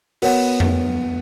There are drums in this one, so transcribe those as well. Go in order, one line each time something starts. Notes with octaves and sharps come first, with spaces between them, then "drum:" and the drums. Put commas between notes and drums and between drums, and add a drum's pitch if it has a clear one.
B3 F#4 A#4 C#5 F#5, drum: open hi-hat
drum: tom F2